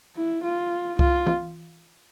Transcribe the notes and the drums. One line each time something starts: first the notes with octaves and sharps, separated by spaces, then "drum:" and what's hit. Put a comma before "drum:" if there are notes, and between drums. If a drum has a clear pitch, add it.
E4
F4
F4, drum: kick C2
drum: tom E3